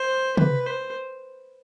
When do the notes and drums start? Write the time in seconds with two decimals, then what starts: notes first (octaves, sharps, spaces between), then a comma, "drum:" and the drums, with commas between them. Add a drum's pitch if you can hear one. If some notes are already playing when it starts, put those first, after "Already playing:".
Already playing: C5
0.37 B4, drum: tom
0.66 C5